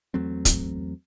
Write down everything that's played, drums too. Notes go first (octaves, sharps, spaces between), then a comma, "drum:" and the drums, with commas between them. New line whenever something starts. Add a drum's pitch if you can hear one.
E2 F#3 A3 C4
drum: kick, hi-hat